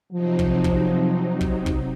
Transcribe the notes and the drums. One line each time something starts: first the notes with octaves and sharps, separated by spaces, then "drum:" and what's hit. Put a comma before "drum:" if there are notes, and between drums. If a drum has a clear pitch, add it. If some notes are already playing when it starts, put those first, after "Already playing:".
C3 F3 F#3 C4 D#4
drum: kick
drum: kick
drum: kick
drum: kick